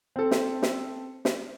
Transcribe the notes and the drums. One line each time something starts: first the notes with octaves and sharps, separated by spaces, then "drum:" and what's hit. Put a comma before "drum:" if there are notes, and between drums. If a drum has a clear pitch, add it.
C4 A4
drum: snare
drum: snare
drum: snare